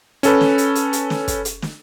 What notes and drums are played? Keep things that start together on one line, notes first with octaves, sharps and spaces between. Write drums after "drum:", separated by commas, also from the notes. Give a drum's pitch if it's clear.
C#4 A4 B4, drum: hi-hat
drum: snare
drum: hi-hat
drum: hi-hat
drum: hi-hat
drum: snare
drum: kick, hi-hat
drum: hi-hat
drum: snare